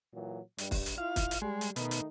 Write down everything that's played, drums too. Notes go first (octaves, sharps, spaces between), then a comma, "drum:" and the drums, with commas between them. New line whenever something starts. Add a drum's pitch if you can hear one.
A#2 E3 F#3
G2 G3, drum: hi-hat
drum: kick, open hi-hat
drum: hi-hat
E4 F4 F5
drum: kick, hi-hat
drum: hi-hat
G3 G#3
drum: hi-hat
B2 D#3 A3 D#4, drum: hi-hat
drum: hi-hat